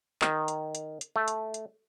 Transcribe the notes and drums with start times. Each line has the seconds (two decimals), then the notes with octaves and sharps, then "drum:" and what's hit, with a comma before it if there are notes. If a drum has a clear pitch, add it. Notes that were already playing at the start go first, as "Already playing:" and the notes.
0.22 D#3, drum: clap
0.48 drum: hi-hat
0.75 drum: hi-hat
1.01 drum: hi-hat
1.16 A3
1.28 drum: hi-hat
1.54 drum: hi-hat